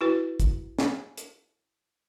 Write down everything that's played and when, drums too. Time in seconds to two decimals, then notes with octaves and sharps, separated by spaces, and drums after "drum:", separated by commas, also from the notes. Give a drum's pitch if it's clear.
0.01 E4 F#4 B4
0.40 drum: kick, hi-hat
0.79 drum: snare
1.17 drum: hi-hat